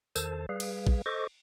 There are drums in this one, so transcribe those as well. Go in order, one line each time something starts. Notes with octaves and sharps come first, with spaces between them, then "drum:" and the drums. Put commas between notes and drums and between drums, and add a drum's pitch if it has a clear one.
E2 D#3 A4 C5 A5, drum: tambourine
G3 G#4 B4 F5
drum: cymbal
drum: kick
A4 C5 D#5 C#6 D6